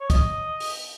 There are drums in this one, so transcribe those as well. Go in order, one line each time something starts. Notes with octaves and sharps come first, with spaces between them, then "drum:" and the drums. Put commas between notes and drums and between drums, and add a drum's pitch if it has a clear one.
C#5
D#5, drum: kick, hi-hat
drum: open hi-hat